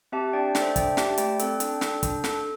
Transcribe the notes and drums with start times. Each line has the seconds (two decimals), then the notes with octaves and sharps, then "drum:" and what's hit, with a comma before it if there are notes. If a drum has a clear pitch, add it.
0.12 C4 G4 E5 A5
0.33 D4 D5 G5
0.55 A4 D5, drum: snare
0.61 C5 E5
0.76 D4 D5 G5, drum: kick, hi-hat
0.97 G4 E5 A5, drum: snare
1.18 A3 D5 G5, drum: hi-hat
1.39 C4 A4, drum: hi-hat
1.60 D4, drum: hi-hat
1.81 A4, drum: snare
2.03 D4, drum: kick, hi-hat
2.24 A4, drum: snare